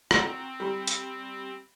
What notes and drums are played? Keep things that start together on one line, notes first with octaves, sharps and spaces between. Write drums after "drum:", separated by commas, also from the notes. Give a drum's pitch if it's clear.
C4 F#4 A#5, drum: rim click
G3 B5
drum: hi-hat